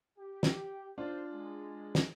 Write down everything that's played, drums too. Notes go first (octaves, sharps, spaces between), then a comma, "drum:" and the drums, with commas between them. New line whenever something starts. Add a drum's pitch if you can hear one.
G4
drum: snare
D4 D#4 F4 C5
G#3
drum: snare